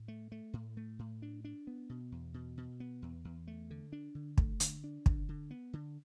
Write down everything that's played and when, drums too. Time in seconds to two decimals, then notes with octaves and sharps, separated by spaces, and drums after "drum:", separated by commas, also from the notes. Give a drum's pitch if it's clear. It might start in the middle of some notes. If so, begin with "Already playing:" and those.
Already playing: A2
0.08 A3
0.32 A3
0.53 A2
0.77 A3
0.99 A2
1.22 D4
1.45 D4
1.67 B3
1.89 B2
2.12 E2
2.34 B2
2.57 B2
2.80 B3
3.02 E2
3.25 E2
3.47 A3
3.70 D3
3.92 D4
4.15 D3
4.38 A3, drum: kick
4.60 D3, drum: hi-hat
4.84 D4
5.06 D3, drum: kick
5.29 D3
5.51 B3
5.73 D3